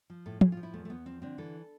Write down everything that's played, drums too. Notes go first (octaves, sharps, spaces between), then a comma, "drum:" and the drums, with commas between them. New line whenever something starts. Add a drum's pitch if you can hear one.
F3
A2 A4
A2 G#4, drum: tom
F4
F3
E4
E2 A3
A3
E2 B3
F3 C4
D3 C4
E3 A4